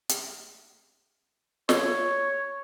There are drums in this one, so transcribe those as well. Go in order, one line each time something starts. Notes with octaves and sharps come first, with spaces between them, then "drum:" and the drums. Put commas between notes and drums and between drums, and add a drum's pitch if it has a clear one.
drum: hi-hat
C#5, drum: snare